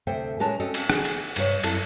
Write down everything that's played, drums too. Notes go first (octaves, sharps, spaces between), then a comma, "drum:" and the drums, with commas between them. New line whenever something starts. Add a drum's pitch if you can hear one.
D2 C3 A4 C5 E5 G5
A2 G#3 C#4 A#4 B4 A5
C4 C#4 F#4 A4 D#5
drum: cymbal
G#4, drum: rim click
drum: cymbal
G2 C3 C#5, drum: cymbal
F#2 C4 E4 A4, drum: cymbal